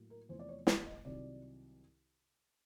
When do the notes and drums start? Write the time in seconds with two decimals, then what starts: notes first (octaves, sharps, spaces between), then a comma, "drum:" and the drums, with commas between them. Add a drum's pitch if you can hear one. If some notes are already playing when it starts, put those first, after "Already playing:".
Already playing: A2 F#3 A#3
0.10 A#4
0.29 E2 C3 F3 A3 C5
0.39 D5
0.49 C#5
0.67 D5, drum: snare
0.86 D#5
1.05 C2 C3 D#3 F#3 D5